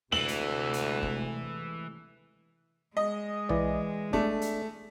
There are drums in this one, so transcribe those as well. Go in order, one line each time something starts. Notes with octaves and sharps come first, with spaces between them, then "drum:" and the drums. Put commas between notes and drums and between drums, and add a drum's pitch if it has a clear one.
D2 C3 E3 G#3 A3 F#7, drum: snare D4
drum: hi-hat
drum: hi-hat
drum: kick
G#3 D#5
E3 D5, drum: tom B1
A3 D4, drum: kick
drum: hi-hat